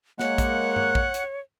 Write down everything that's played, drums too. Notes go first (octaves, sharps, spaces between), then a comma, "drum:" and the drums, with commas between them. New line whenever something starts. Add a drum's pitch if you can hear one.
G#3 A#3 C#5 F#5 F#6, drum: snare
drum: kick, hi-hat
drum: tom G2
drum: kick
drum: hi-hat